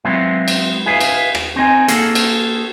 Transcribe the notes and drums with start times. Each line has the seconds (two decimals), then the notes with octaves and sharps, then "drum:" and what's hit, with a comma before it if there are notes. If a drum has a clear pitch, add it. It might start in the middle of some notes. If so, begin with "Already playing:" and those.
0.04 F#3 G#3 B3 C4 E4 F4
0.48 drum: cymbal
0.86 E4 G#4 B4 D#5 F5
1.01 drum: cymbal
1.35 drum: rim click
1.56 C4 D#4 D#5 G#5
1.88 A#3 F4 F#4 G#4 A4, drum: hi-hat
2.15 drum: cymbal